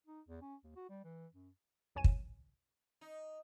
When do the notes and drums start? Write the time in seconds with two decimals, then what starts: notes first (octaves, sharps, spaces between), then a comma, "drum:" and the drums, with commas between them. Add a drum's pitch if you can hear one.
0.07 D#4
0.28 E2
0.42 C#4
0.64 D#2
0.76 F#4
0.89 G3
1.04 E3
1.34 F#2
1.95 B1 F2 C#5 G#5 D#7 E7
2.04 drum: kick
3.01 D#4